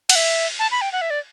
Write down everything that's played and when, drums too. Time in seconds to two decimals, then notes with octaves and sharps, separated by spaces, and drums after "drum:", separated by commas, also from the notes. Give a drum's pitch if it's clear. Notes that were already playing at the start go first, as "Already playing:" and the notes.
0.09 F#5, drum: cymbal
0.15 E5
0.59 A5
0.71 B5
0.81 G5
0.93 F#5
1.01 E5
1.10 D5